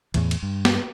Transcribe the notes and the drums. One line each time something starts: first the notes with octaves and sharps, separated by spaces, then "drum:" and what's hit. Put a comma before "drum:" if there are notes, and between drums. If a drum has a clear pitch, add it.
E2 A2 E3, drum: cymbal
drum: cymbal
G2
drum: snare